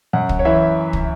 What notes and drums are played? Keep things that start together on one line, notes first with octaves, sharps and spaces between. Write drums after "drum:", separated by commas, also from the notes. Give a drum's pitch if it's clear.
F#2 F#5
drum: kick
C#5
E3 E5
drum: kick